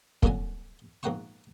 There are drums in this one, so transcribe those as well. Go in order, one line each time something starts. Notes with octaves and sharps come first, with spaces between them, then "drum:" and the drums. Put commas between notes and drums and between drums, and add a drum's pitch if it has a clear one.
C2 F#2 A#2 D3 F#3 G#5, drum: kick
A#1 G#2 A#3 F#5 G5 C#6